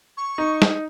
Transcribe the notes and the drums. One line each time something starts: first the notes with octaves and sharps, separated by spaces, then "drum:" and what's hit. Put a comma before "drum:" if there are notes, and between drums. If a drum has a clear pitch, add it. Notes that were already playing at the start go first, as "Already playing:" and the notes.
C#6
D#4
drum: snare